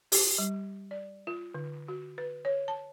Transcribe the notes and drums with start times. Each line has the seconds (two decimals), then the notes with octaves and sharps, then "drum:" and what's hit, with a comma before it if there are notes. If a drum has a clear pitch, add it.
0.12 G4, drum: open hi-hat
0.38 G3
0.91 D5
1.27 F4
1.54 D3
1.88 F#4
2.18 B4
2.45 C#5
2.68 A5